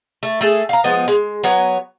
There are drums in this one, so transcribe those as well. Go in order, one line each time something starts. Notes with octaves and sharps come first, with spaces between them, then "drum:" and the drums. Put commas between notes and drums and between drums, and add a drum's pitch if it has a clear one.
A3
A3 G#4 A4
F5 A#5
F3 G#3 B3
G#3, drum: hi-hat
F#3 B3 C#5, drum: hi-hat